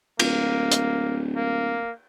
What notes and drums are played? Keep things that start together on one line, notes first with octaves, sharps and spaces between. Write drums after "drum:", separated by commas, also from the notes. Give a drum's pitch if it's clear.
D1 A#3, drum: cymbal
drum: hi-hat
A#3